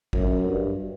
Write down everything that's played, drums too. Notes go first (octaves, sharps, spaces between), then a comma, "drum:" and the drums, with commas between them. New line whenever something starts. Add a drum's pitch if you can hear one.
F#2, drum: kick
G2